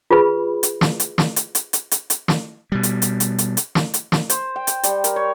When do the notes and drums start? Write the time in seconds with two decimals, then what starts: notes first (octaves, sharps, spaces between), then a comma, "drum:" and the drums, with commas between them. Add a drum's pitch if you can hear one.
0.11 F4 G#4 B4 B5
0.63 drum: hi-hat
0.81 drum: snare
1.00 drum: hi-hat
1.18 drum: snare
1.36 drum: hi-hat
1.55 drum: hi-hat
1.73 drum: hi-hat
1.91 drum: hi-hat
2.10 drum: hi-hat
2.28 drum: snare
2.72 B2 G3
2.83 drum: hi-hat
3.02 drum: hi-hat
3.20 drum: hi-hat
3.38 drum: hi-hat
3.57 drum: hi-hat
3.75 drum: snare
3.94 drum: hi-hat
4.12 drum: snare
4.30 C5, drum: hi-hat
4.56 G5
4.67 drum: hi-hat
4.83 G3, drum: hi-hat
5.04 A#4, drum: hi-hat
5.16 C#5